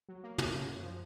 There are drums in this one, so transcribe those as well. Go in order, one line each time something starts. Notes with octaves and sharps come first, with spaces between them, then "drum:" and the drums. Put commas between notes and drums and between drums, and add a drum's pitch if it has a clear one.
F#3
A#3
C#4, drum: tom
C#3
F#2
F3